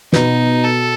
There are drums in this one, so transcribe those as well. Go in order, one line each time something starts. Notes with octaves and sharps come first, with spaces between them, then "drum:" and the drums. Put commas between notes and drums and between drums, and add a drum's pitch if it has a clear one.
B2 B3 D#4, drum: snare
A4